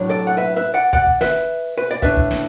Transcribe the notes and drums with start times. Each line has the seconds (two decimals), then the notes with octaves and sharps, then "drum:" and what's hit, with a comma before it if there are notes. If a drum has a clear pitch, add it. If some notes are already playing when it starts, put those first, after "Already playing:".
Already playing: A2 F#3 D4
0.10 A4 D5
0.27 F#5
0.37 B4 E5
0.56 B4 E5
0.74 D5 F#5
0.93 D5 F#5, drum: kick
1.07 drum: kick
1.21 B4 E5, drum: snare
1.78 B4
1.91 D5
2.02 A2 A3 D4 B4 E5, drum: kick
2.17 drum: kick
2.31 drum: snare